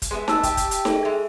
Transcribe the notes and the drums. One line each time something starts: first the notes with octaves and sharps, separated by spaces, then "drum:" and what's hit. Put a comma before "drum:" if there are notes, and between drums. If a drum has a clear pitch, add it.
drum: kick, hi-hat
G#3 B3 E5
A5 E6, drum: snare D#4
G4 E5, drum: kick, hi-hat
drum: kick, hi-hat
drum: hi-hat
G#4 A4, drum: snare D#4
G#3 E5